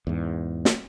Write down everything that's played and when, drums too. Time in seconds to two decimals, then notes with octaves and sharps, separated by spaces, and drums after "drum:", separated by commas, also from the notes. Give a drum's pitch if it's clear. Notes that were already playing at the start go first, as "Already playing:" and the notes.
0.07 E2 G#2
0.65 drum: snare